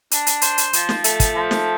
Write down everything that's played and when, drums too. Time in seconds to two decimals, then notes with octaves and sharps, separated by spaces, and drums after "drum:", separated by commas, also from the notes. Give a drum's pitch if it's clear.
0.11 D4, drum: hi-hat
0.27 drum: hi-hat
0.42 C5, drum: hi-hat
0.58 drum: hi-hat
0.73 F3, drum: hi-hat
0.89 drum: snare
1.04 A3, drum: hi-hat
1.20 drum: kick, hi-hat
1.35 F3
1.51 drum: snare